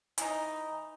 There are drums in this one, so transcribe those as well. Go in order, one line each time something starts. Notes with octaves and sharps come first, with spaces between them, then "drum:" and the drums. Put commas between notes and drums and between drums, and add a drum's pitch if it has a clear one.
E3 D#4, drum: hi-hat